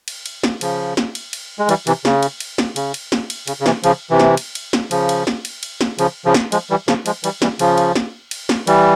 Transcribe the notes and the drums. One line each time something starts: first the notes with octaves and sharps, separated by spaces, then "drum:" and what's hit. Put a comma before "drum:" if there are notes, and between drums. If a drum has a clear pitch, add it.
drum: cymbal
drum: cymbal
drum: snare
C#3 F3, drum: cymbal
drum: snare
drum: cymbal
drum: cymbal
G#3
E3 G3, drum: cymbal
C3 E3, drum: cymbal
C#3, drum: snare
drum: cymbal
drum: cymbal
drum: snare
C#3, drum: cymbal
drum: cymbal
drum: snare
drum: cymbal
C#3, drum: cymbal
C#3
C3 E3, drum: snare
C#3 F3, drum: cymbal
C3 E3
drum: snare
drum: cymbal
drum: cymbal
drum: snare
C#3 F3, drum: cymbal
drum: cymbal
drum: snare
drum: cymbal
drum: cymbal
drum: snare
C#3 F3, drum: cymbal
C#3 F3
drum: snare
F3 G#3, drum: cymbal
E3 G3
C#3 F3, drum: snare
F3 G#3, drum: cymbal
E3 G3, drum: cymbal
E3 G3, drum: snare
C#3 F3, drum: cymbal
drum: cymbal
drum: snare
drum: cymbal
drum: snare
E3 G3, drum: cymbal